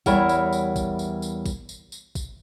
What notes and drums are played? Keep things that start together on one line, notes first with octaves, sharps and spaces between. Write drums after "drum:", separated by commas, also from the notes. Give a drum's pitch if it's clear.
E2 G3 E4 A#4 C#5 F#5, drum: kick, tambourine
drum: tambourine
drum: tambourine
drum: kick, tambourine
drum: tambourine
drum: tambourine
drum: kick, tambourine
drum: tambourine
drum: tambourine
drum: kick, tambourine